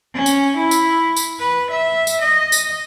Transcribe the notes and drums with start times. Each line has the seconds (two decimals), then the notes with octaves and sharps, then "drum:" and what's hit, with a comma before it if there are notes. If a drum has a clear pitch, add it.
0.13 C#4
0.26 drum: tambourine
0.56 E4
0.71 drum: tambourine
1.17 drum: tambourine
1.39 B4
1.71 E5
2.07 drum: tambourine
2.21 D#5
2.52 drum: tambourine